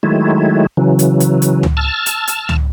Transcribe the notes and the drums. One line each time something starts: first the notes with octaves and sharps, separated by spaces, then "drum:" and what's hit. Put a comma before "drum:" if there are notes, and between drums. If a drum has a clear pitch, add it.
D#3 F#3 G#3 A3 E4
C#3 E3 F#3
drum: hi-hat
drum: hi-hat
drum: hi-hat
drum: tom C#2
A5 E6 F6
drum: hi-hat
drum: hi-hat
drum: tom C#2